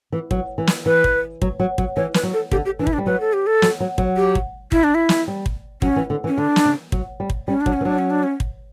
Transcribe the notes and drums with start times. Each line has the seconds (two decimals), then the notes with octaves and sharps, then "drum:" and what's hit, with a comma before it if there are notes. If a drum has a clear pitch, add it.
0.12 E3
0.31 F#3, drum: kick
0.58 E3
0.67 drum: snare
0.86 E3 B4
1.04 drum: kick
1.42 F#3, drum: kick
1.60 F#3
1.78 F#3, drum: kick
1.96 E3 C#5
2.14 B4, drum: snare
2.23 F#3
2.33 A4
2.52 D3 G4, drum: kick
2.65 G4
2.79 E3 D4
2.87 E4, drum: kick
2.93 D4
2.98 G3
3.06 F#3 B4
3.20 A4
3.33 G4
3.47 A4
3.62 F#3, drum: snare
3.80 F#3
3.98 F#3, drum: kick
4.17 G4
4.35 drum: kick
4.72 E4, drum: kick
4.84 D4
4.95 E4
5.09 drum: snare
5.28 G3
5.46 drum: kick
5.82 F#3 C#4, drum: kick
5.96 E3
6.10 D3
6.24 E3
6.28 C#4
6.38 D3 D4
6.56 drum: snare
6.65 C#3
6.92 F#3, drum: kick
7.20 G3
7.30 drum: kick
7.48 G3 C#4
7.61 D4
7.66 F#3, drum: kick
7.73 C#4
7.81 E3
7.85 F#3 D4
7.99 C#4
8.10 D4
8.23 C#4
8.40 drum: kick